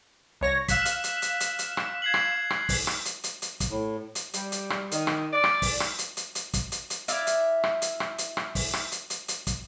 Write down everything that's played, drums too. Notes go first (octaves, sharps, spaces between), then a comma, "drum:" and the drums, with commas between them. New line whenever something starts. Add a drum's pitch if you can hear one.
C2 C#5 A#6
F5 E6 F#6 B6 E7, drum: kick, hi-hat
drum: hi-hat
drum: hi-hat
drum: hi-hat
drum: hi-hat
drum: hi-hat
drum: rim click
G#6 C7 F#7
drum: rim click
drum: rim click
drum: kick, open hi-hat
drum: rim click
drum: hi-hat
drum: hi-hat
drum: hi-hat
drum: kick, hi-hat
A2
drum: hi-hat
G3, drum: hi-hat
drum: hi-hat
drum: rim click
D#3, drum: hi-hat
drum: rim click
D5
drum: rim click
drum: kick, open hi-hat
drum: rim click
drum: hi-hat
drum: hi-hat
drum: hi-hat
drum: kick, hi-hat
drum: hi-hat
drum: hi-hat
E4 D5 E5 F5, drum: hi-hat
drum: hi-hat
drum: rim click
drum: hi-hat
drum: rim click
drum: hi-hat
drum: rim click
drum: kick, open hi-hat
drum: rim click
drum: hi-hat
drum: hi-hat
drum: hi-hat
drum: kick, hi-hat